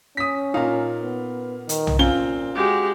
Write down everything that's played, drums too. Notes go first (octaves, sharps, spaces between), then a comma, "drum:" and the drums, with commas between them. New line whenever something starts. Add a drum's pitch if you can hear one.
C#4 D#6 B6
A#2 D#4 F5 A#5
B3
D#3, drum: hi-hat
drum: tom B1
A#2 C4 C#4 F4 G7
G#3 F#4 G4